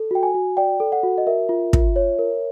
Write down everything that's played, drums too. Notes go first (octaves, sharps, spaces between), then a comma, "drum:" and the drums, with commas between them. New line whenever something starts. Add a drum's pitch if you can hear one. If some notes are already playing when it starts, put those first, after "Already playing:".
Already playing: A4
F#4 G5
G#5
F#4
D5 G5
A4
F#5
F#4
D#5
A#4 E5
F4
F4, drum: kick
C#5
A#4